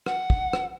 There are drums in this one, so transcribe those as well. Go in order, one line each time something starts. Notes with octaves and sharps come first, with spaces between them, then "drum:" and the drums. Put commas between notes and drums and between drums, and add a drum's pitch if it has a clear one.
F#5, drum: rim click
drum: kick
drum: rim click